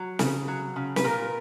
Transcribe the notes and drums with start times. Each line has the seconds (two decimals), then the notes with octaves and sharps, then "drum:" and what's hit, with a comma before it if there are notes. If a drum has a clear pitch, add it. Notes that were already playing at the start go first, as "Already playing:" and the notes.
Already playing: F#3
0.19 C#3, drum: snare
0.48 F#3
0.76 C#3
0.96 B4, drum: snare
1.04 A#2 A#4